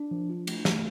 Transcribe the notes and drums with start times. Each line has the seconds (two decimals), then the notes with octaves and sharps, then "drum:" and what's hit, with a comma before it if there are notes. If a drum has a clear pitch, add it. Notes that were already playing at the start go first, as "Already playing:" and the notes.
Already playing: D4
0.11 F3
0.29 F4
0.47 A3, drum: cymbal
0.65 A3, drum: snare